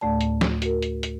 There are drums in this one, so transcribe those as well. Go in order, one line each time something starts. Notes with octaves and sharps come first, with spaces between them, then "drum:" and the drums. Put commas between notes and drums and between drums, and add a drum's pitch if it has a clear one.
D2 A2 A3 D5 A5
drum: hi-hat
drum: snare
F#4 A#4, drum: hi-hat
drum: hi-hat
drum: hi-hat